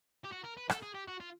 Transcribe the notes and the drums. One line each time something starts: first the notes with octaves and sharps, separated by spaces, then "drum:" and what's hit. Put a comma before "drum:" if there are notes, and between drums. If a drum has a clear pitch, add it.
G4
F#4
A#4
B4
A4, drum: rim click
G#4
G4
F#4
F4